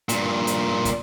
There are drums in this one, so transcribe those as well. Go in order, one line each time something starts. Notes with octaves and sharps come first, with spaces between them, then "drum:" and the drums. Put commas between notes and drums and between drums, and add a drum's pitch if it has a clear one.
G2 A#2, drum: hi-hat
drum: hi-hat
drum: kick, hi-hat